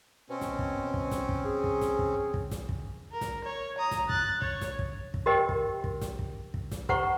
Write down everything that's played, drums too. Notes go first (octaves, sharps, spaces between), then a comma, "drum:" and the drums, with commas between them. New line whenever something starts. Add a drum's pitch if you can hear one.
B2 C4 C#4
drum: snare
drum: kick
drum: kick
drum: snare
drum: kick
G#4
drum: kick
drum: snare
drum: kick
drum: kick
drum: snare
drum: kick
A#4
drum: snare
C#5
A#5 D#6
drum: snare
F#6 A6, drum: kick
C#5, drum: kick
drum: snare
drum: kick
drum: kick
F#4 G4 A#4 C5 D#5 G5
drum: kick
drum: kick
drum: snare
drum: kick
drum: kick
drum: snare
G4 C5 F#5 A#5 C#6, drum: kick